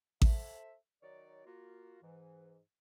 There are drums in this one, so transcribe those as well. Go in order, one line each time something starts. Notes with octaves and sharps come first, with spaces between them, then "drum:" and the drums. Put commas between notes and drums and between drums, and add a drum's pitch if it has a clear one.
A4 C5 E5, drum: kick A1
D#3 F#3 D#4 C#5 D5
A#3 F4 F#4
G#2 E3